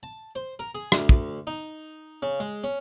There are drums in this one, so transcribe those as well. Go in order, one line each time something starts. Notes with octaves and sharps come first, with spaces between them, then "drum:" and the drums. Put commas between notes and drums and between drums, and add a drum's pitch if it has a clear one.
A5
C5
A#4
G#4
D2, drum: rim click
drum: kick
D#4
C#3
G#3
C#4